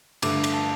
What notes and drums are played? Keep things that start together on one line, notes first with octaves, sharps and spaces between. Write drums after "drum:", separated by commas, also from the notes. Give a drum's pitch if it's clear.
G2 D3 A3 D6, drum: cymbal
drum: cymbal
A5